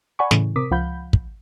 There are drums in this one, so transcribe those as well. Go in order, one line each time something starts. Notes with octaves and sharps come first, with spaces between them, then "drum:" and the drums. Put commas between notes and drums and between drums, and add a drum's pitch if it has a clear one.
D5 F#5 G#5 B5 C#6
A2 C#3 E3, drum: snare
C3 A#4 D6 D#6 B6
C#2 F3 F5 F#5 B5 G6
drum: kick